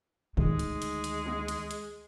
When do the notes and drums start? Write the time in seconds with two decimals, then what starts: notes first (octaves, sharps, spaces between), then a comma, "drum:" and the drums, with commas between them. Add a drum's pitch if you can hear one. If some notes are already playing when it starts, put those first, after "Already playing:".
0.37 D2 D#3 G#3, drum: tom
0.59 drum: hi-hat
0.82 drum: hi-hat
1.04 drum: hi-hat
1.26 drum: tom G#3
1.48 drum: hi-hat
1.71 drum: hi-hat